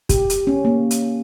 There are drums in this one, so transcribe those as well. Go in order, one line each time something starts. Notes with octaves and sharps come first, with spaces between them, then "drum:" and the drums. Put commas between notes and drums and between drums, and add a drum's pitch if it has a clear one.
G4, drum: kick, hi-hat
drum: hi-hat
C#4
A#3
drum: hi-hat